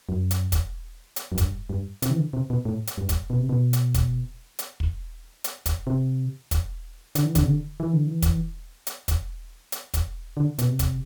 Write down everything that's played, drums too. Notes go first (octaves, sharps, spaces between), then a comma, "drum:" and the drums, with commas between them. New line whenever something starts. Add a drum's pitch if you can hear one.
F#2
drum: hi-hat
drum: kick, hi-hat
drum: hi-hat
F#2
G2, drum: kick, hi-hat
G2
C3, drum: hi-hat
E3
D3
C3
B2
A2
drum: hi-hat
G2
drum: kick, hi-hat
B2
C3
B2
drum: hi-hat
drum: kick, hi-hat
drum: hi-hat
drum: kick
drum: hi-hat
drum: kick, hi-hat
C3
drum: kick, hi-hat
D3, drum: hi-hat
E3
D3, drum: kick, hi-hat
C3
D3
E3
D3
E3
drum: kick, hi-hat
drum: hi-hat
drum: kick, hi-hat
drum: hi-hat
drum: kick, hi-hat
D3
B2, drum: hi-hat
C3
drum: kick, hi-hat